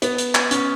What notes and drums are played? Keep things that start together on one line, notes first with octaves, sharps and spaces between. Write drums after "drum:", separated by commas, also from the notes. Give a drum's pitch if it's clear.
B3, drum: hi-hat
drum: hi-hat
drum: clap
C#4, drum: hi-hat